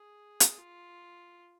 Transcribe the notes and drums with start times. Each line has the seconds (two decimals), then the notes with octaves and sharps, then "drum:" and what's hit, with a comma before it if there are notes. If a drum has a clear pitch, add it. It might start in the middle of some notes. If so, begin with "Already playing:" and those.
Already playing: G#4
0.40 drum: hi-hat
0.58 F4